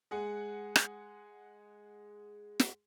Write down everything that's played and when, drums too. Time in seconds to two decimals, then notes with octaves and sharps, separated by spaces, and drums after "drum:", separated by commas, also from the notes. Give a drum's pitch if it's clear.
0.11 G#3 G#4 F#5
0.76 drum: rim click
2.60 drum: snare